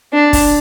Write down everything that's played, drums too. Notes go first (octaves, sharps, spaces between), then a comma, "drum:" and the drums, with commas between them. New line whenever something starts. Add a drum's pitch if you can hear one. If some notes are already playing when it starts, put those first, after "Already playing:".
D4
drum: kick, open hi-hat